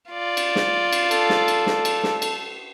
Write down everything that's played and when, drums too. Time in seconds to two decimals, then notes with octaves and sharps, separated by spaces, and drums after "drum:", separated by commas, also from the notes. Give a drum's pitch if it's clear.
0.10 F4 D5
0.37 drum: cymbal
0.56 drum: snare
0.93 drum: cymbal
1.11 A4, drum: cymbal
1.30 drum: snare
1.48 drum: cymbal
1.66 drum: snare
1.85 drum: cymbal
2.03 drum: snare
2.22 drum: cymbal